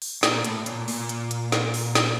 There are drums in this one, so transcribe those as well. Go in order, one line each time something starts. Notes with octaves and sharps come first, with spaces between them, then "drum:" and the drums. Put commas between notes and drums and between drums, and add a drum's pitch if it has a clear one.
drum: open hi-hat
A#2, drum: snare
A2, drum: hi-hat
A#2, drum: hi-hat
A#2, drum: open hi-hat
drum: hi-hat
drum: hi-hat
drum: snare
drum: open hi-hat
drum: snare